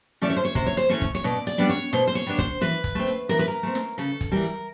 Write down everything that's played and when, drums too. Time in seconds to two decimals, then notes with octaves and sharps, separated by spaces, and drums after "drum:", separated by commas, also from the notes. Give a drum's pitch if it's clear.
0.21 E3 A3 C#4 D5
0.30 C#5
0.37 C5
0.45 C#5
0.55 C3 C5, drum: kick, hi-hat
0.66 C#5
0.77 C5, drum: hi-hat
0.89 E3 A3 C#4 C#5
1.01 drum: kick, hi-hat
1.15 C#5
1.24 B2 D5, drum: hi-hat
1.47 D5, drum: open hi-hat
1.58 G3 B3 D4
1.69 C#5, drum: hi-hat
1.93 B2 C5, drum: snare
2.07 C5
2.15 C#5, drum: hi-hat
2.27 G3 B3 D4
2.38 C5, drum: kick, hi-hat
2.61 E3 B4, drum: hi-hat
2.84 drum: kick, hi-hat
2.95 A3 C4
3.07 drum: hi-hat
3.29 E3 A#4, drum: open hi-hat
3.39 B4
3.48 A#4
3.63 A3 C4
3.75 drum: snare
3.98 C#3 A4, drum: hi-hat
4.21 drum: kick, hi-hat
4.32 E3 G3 A#4
4.43 drum: hi-hat